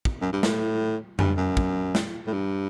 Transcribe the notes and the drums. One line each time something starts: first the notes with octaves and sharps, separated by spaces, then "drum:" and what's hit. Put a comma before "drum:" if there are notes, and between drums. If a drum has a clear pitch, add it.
drum: kick
F#2
G2
A2, drum: snare
G2, drum: tom F2
F#2
drum: kick
drum: snare
A2
G2